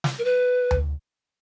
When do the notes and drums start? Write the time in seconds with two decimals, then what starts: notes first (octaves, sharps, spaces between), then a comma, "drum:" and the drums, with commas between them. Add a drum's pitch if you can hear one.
0.04 drum: snare
0.19 A#4
0.25 B4
0.71 drum: tom D2